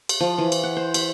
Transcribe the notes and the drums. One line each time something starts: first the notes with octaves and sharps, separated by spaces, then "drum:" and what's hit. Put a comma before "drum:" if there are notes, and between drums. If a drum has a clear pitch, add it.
drum: cymbal
F3
E3
drum: cymbal
F#5
C5
E5, drum: cymbal